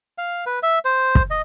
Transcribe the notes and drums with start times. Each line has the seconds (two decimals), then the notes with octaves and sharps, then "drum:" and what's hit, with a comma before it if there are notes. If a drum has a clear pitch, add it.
0.18 F5
0.46 B4
0.63 E5
0.85 C5
1.15 drum: kick
1.30 D#5